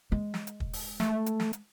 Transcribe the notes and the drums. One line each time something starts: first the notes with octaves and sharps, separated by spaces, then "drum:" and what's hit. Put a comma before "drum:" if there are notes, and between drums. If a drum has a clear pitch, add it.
G#3
drum: snare
drum: hi-hat
drum: kick
drum: open hi-hat
A3, drum: snare
drum: hi-hat
drum: snare
drum: hi-hat